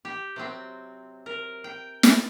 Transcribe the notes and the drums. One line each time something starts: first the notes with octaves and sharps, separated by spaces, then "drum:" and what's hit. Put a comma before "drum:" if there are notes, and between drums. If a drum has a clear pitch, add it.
G4
C3 F#3 C4
A#4
G5
drum: snare